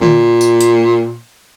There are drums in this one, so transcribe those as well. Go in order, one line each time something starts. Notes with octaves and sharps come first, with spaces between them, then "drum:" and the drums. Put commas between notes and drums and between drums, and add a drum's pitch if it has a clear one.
A#2, drum: tom D3
drum: tambourine
drum: hi-hat